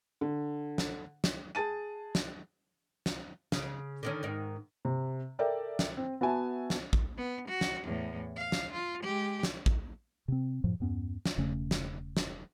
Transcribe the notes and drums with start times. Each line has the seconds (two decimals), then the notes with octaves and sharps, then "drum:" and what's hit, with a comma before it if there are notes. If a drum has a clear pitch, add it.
0.21 D3
0.78 drum: snare
1.24 drum: snare
1.55 G#4 A5 A6 D#7
2.15 drum: snare
3.06 drum: snare
3.52 C#3, drum: snare
4.03 D3 D#3 C#4
4.23 G#2 D#3
4.85 C3
5.39 A4 A#4 D5 E5 G5
5.79 drum: snare
5.97 C4
6.21 B3 F#4 E5 G#5 A5
6.70 drum: snare
6.93 drum: kick
7.17 B3
7.48 F#4
7.61 drum: snare
7.85 E2 A2
8.36 F5
8.52 drum: snare
8.73 F4
9.03 G#3 G4
9.43 drum: snare
9.66 drum: kick
10.28 C3 C4
10.64 F#2 A2 F3
10.80 E2 G2 B3 C#4
11.25 drum: snare
11.38 E1 C#3 A3 C#4
11.71 drum: snare
12.17 drum: snare